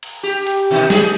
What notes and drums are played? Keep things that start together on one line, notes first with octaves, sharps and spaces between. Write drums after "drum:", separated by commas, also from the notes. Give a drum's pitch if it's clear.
drum: cymbal
G4
drum: cymbal
B2 D#3
G#4, drum: snare